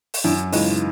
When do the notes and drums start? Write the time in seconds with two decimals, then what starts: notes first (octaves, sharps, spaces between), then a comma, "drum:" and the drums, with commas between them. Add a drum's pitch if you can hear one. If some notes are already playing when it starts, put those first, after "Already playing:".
0.14 drum: open hi-hat
0.24 F#2 D4 E4
0.52 C#3 E3 G#3 D#4 F4, drum: open hi-hat